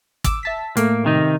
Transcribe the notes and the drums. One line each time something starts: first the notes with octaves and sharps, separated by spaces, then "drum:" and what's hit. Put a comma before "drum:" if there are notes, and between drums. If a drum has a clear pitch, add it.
D6 E6, drum: kick, hi-hat
E5 A5 B6
A2 A3 A#3, drum: hi-hat
C3 D#3 D#4